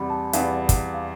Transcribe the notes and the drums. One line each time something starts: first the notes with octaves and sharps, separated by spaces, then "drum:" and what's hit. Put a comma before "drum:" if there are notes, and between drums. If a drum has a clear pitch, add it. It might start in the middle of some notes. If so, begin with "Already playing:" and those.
Already playing: E2 C3 G3 B3 B5
A5
E2 C3 G3 B3 F5, drum: hi-hat
drum: kick, hi-hat
F5